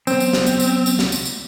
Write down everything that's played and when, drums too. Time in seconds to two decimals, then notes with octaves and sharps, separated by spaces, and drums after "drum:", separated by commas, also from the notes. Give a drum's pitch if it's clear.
0.07 F#3 B3 C4, drum: tambourine
0.20 drum: tambourine
0.33 drum: snare
0.47 drum: tambourine
0.60 drum: tambourine
0.86 drum: tambourine
0.99 drum: snare
1.12 drum: tambourine
1.25 drum: tambourine